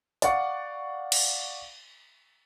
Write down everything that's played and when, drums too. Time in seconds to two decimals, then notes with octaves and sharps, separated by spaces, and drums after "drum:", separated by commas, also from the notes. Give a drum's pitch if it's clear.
0.22 D5 F5 F#5 C#6 A6 C#7, drum: hi-hat
1.12 drum: cymbal